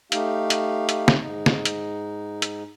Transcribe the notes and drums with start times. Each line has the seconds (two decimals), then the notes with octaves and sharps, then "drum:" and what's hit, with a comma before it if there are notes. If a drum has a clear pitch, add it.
0.12 A3 D#4 G4 F5, drum: hi-hat
0.50 drum: hi-hat
0.89 drum: hi-hat
1.08 drum: snare
1.20 G#2 D#4
1.46 drum: snare
1.65 drum: hi-hat
2.42 drum: hi-hat